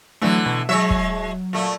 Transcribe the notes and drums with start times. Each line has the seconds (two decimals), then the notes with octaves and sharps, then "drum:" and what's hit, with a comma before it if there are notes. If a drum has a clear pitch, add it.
0.22 D3 E3 F#3 A3
0.46 B2
0.69 F#3 G#3 C#5 E5
0.90 drum: kick
1.53 A#2 A3